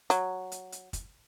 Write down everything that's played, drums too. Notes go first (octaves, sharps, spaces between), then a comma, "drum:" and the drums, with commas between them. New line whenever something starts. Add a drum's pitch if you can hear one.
F#3, drum: hi-hat
drum: hi-hat
drum: hi-hat
drum: kick, hi-hat